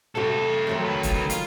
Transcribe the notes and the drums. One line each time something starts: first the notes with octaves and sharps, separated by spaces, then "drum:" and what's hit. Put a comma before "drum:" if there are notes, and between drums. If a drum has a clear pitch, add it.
C3 A3 F#4 A4 C5
D#3 F#3 A3
C#2 B4
drum: kick F1, hi-hat
F4, drum: hi-hat